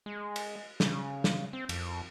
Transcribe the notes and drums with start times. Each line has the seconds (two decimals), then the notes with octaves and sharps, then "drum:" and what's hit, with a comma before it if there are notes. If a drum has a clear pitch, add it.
0.06 G#3
0.36 drum: cymbal
0.80 C#3, drum: snare
1.24 drum: snare
1.53 C4
1.69 F2, drum: cymbal